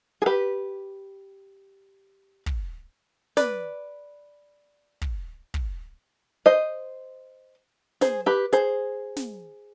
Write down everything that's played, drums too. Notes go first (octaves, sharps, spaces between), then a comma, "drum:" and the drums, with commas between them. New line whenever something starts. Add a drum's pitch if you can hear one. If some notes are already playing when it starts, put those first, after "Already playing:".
G#4
G4 B4
drum: kick
B4 D5, drum: snare
drum: kick
drum: kick
C5 D#5
G#4 C5, drum: snare
G4 B4
G#4 C5, drum: hi-hat
drum: snare